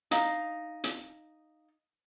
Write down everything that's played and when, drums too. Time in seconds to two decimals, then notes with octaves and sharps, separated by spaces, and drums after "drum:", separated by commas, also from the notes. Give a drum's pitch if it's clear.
0.11 D#4 F5, drum: hi-hat
0.84 drum: hi-hat